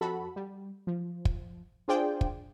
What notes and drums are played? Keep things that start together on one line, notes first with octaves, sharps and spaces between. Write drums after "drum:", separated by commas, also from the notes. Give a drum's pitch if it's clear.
F2 F#4 A4 B5
G3
F3
drum: kick
D4 F4 G#4 C5 D5 G5
drum: kick